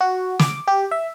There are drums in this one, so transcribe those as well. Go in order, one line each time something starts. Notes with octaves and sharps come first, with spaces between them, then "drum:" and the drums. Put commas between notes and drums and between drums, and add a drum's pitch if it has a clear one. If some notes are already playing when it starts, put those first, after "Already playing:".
F#4
D6, drum: snare
G4
E5